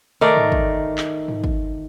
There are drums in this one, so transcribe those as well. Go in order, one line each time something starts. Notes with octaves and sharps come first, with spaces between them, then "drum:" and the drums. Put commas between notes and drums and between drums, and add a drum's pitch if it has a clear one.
D#3 A3 A#4 D5
drum: tom G#2
drum: kick
drum: clap
drum: tom G#2
drum: kick